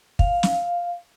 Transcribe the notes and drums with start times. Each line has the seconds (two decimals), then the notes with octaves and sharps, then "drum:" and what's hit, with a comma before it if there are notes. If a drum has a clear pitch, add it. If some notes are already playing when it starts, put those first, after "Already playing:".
0.19 F5, drum: kick
0.43 drum: snare